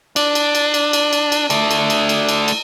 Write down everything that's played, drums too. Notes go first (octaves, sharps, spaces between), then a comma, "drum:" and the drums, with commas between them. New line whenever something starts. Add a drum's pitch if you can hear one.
D4, drum: cymbal
drum: cymbal
drum: cymbal
drum: cymbal
drum: cymbal
drum: cymbal
drum: cymbal
A3 D4, drum: cymbal
drum: cymbal
drum: cymbal
drum: cymbal
drum: cymbal
drum: cymbal